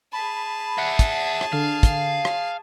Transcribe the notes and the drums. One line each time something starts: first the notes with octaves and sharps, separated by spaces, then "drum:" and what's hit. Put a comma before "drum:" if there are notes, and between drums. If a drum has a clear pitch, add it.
G#4 A5 B5
E5 F#5
drum: kick, hi-hat
drum: rim click
D3 F5
drum: kick, hi-hat
drum: rim click